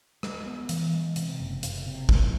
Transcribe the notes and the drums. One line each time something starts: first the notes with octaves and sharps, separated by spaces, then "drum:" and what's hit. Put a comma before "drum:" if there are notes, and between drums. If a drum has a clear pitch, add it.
G#3, drum: rim click
B3
E3, drum: hi-hat
G#3
C3, drum: hi-hat
F#1
F#1, drum: hi-hat
C3
F#3, drum: kick